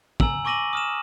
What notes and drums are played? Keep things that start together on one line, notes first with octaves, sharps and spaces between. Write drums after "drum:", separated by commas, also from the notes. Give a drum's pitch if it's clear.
G#5 A#5 E6 F#7, drum: kick
G#5 C#6 D6 A#6 D#7 F#7
D#6 F6 E7